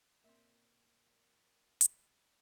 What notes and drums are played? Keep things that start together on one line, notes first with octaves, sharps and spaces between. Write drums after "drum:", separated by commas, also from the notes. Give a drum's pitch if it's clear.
A#2 C4 E5
drum: hi-hat